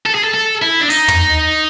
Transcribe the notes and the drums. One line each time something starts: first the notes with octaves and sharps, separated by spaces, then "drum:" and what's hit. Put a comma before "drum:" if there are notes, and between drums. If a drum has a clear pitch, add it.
A4
G#4
A4
A4
E4
D4
D#4, drum: open hi-hat
drum: tom